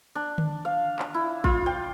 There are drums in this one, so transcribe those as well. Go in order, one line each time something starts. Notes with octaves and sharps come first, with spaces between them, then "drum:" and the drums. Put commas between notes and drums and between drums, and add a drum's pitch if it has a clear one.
D4
drum: tom D3
F5
drum: clap
E4
F4, drum: kick A1
G5